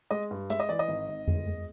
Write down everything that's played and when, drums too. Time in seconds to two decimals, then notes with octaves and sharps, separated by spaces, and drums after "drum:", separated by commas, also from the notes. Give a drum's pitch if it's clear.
0.11 G#3 D#5
0.31 G2
0.50 G#3 E5, drum: hi-hat
0.60 D#5
0.69 E3 D5
0.79 D#5
0.89 G#1
1.08 G#1
1.28 G#3, drum: tom F2
1.47 G#3